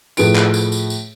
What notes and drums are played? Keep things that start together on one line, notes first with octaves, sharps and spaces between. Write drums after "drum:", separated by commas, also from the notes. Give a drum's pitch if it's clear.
A2 F3 G#4 B4 D7, drum: tambourine
drum: clap
drum: tambourine
drum: tambourine
drum: tambourine